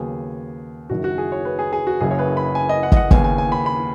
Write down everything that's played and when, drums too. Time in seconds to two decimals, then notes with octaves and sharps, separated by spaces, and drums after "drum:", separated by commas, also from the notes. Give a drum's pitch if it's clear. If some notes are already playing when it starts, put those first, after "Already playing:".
Already playing: D#2 C#3 F#3 B3 G#4
0.90 F#1 F#2 D#3 F#4
1.04 F#4
1.18 G#4
1.32 C#5
1.45 B4
1.59 G#4
1.73 G#4
1.87 F#4
2.00 F#1 F#2 C#3 G#4
2.11 C#5
2.19 B4
2.37 B5
2.55 G#5
2.69 D#5
2.83 F#5
2.92 D#5, drum: kick
2.97 F#5
3.11 D#2 C#3 B3 G#5, drum: kick
3.24 G#5
3.38 G#5
3.52 B5
3.66 B5